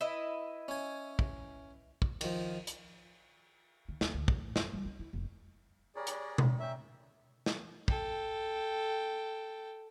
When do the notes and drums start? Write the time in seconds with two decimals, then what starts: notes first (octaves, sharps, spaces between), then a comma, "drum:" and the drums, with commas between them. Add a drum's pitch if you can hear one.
0.01 E4 B4 D#5
0.68 C#4 G#5
1.19 drum: kick
2.02 drum: kick
2.21 D#3 F3, drum: cymbal
2.67 drum: hi-hat
3.88 D#3
4.01 D#2, drum: snare
4.14 D2
4.28 F3, drum: kick
4.41 A2
4.56 F#2, drum: snare
4.73 G3
4.85 C#4
4.99 E4
5.13 F1
5.95 G3 G#4 A#4 C#5 D5
6.07 G4 A#4 C#5, drum: hi-hat
6.38 drum: tom B2
6.60 C#4 E5 G5
7.46 drum: snare
7.88 A4 G5, drum: kick